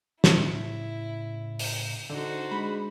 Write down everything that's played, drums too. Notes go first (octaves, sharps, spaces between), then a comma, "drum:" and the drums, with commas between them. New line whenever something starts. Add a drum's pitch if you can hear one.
A2 C#3 E4, drum: snare
drum: open hi-hat
D3 D#4 F#4 C5 A5
G#3 D4 B5